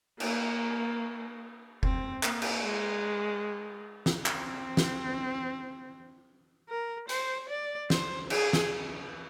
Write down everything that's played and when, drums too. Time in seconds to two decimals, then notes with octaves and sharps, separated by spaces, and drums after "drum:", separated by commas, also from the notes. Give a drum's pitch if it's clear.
0.20 A#3, drum: cymbal
1.83 C4, drum: kick F1
2.23 A#3, drum: clap
2.42 drum: cymbal
2.64 G#3
4.06 drum: snare
4.26 C4, drum: clap
4.77 drum: snare
6.69 A#4
7.09 C5, drum: hi-hat
7.49 D5
7.90 C5, drum: snare
8.30 G#4, drum: cymbal
8.53 drum: snare